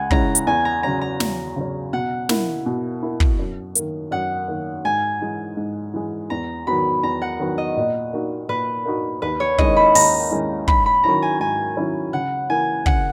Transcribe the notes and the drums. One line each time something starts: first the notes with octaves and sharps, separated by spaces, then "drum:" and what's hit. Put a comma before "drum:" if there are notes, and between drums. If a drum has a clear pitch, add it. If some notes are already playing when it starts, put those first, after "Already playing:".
Already playing: C#2 F#5 G#5
C#3 G#3 C#4 E4 A#5, drum: kick
drum: hi-hat
E2 G#5
A#5
C#3 F#3 C#4 A#5
A#5
E2, drum: snare
C#3 F#3 C#4
B2 F#5
A#3 E4, drum: snare
B2
A#3 E4
drum: kick
F#2
D#3 A#3, drum: hi-hat
F#2 F#5
D#3 A#3
G#2 G#5
E3 G#3
G#2
E3 G#3
E2 A#5
D#3 F#3 B3 F#4 B5
E2 A#5
F#5
D#3 F#3 B3 F#4
D#5
A#2
A#3 D#4 F#4
A#2 B4
A#3 D#4 F#4
D#2 B4
C#5
D#3 G#3 C#4 E4 D#5, drum: kick
B5
D#2 A#5, drum: open hi-hat
D#3 G#3 C#4 E4
G#2 B5, drum: kick
B5
D#3 F#3 C#4 E4 A#5
G#5
G#2 G#5
D#3 F#3 C#4 E4
C#3 F#5
E3 A#3 G#5
C#3 F#5, drum: kick